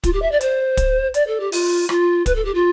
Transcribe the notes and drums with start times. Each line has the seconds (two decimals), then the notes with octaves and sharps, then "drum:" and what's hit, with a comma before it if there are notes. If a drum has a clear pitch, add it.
0.04 F4, drum: kick, hi-hat
0.13 G4
0.22 E5
0.31 D5
0.41 C5, drum: hi-hat
0.77 drum: kick, hi-hat
1.14 D5, drum: hi-hat
1.27 A4
1.40 G4
1.52 F4, drum: open hi-hat
1.89 F4, drum: rim click
2.26 B4, drum: kick, hi-hat
2.35 A4
2.45 G4
2.54 F4